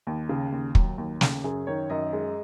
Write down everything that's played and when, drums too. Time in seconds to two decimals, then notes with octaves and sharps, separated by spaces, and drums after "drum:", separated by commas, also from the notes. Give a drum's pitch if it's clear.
0.07 D#2
0.29 C#3
0.52 D#2
0.75 F#3, drum: kick
0.98 D#2
1.21 C#3, drum: snare
1.44 F#2 G#4
1.67 D#3 C#5
1.90 F#2 D#5
2.13 G#3